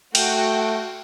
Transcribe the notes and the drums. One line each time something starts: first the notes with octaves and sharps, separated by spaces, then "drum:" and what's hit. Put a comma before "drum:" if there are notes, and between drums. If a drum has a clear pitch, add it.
A3 F#4 G5, drum: cymbal